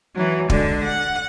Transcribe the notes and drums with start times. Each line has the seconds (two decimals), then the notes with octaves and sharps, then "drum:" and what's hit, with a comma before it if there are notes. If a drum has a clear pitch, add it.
0.15 E3 F#3
0.50 D3 G#3, drum: kick
0.84 F#5